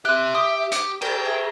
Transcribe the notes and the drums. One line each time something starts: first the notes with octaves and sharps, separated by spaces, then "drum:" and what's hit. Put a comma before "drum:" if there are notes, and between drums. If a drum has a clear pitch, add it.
C4 G4 E5 F#6
G4 D#6
G4, drum: hi-hat
D5 G5, drum: cymbal
G#4 E5